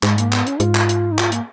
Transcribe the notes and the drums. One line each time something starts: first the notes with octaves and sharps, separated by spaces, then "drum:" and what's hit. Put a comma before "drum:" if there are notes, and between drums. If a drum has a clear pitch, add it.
G#2 G#3, drum: clap
A#3, drum: hi-hat
B3, drum: clap
C#4, drum: hi-hat
G#2 F4, drum: hi-hat
drum: clap
drum: hi-hat
D#4
F4, drum: clap
A#3, drum: hi-hat